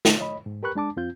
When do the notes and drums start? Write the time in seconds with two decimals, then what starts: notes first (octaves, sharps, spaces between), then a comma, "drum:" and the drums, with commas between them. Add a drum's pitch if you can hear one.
0.05 drum: snare
0.20 C#5 D#5 B5
0.46 G#2
0.63 G4 A#4 B4 B5 C#6 F#6
0.75 G#3 D4 A5 D6
0.97 F2 C4 F4 G6